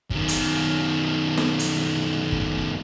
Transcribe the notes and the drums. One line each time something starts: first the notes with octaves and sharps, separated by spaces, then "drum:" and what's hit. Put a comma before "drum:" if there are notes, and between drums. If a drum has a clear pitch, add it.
F#2 D#3, drum: kick F#1
drum: hi-hat
drum: snare
drum: hi-hat
drum: kick F#1